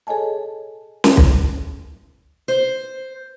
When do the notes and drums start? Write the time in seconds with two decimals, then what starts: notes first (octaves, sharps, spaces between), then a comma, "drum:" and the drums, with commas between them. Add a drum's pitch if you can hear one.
0.07 G#4 A4 C#5 D#5 G#5 A5
1.04 drum: snare
1.17 drum: kick
2.48 C5